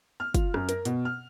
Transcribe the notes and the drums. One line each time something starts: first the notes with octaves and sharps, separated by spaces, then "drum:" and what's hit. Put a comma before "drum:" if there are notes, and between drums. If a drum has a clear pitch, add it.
F6
F4, drum: kick, hi-hat
F#2, drum: rim click
A#4, drum: hi-hat
B2, drum: hi-hat
F6